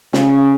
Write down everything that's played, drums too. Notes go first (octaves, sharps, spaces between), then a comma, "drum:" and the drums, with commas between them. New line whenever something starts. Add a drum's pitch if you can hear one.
C#3, drum: snare